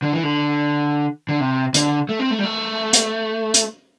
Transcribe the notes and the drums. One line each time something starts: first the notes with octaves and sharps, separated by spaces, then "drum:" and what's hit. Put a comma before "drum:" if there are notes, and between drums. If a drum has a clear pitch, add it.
D3
E3
D3
D3
C3
D3, drum: hi-hat
A3
C4
A3
G3
A3
drum: hi-hat
drum: hi-hat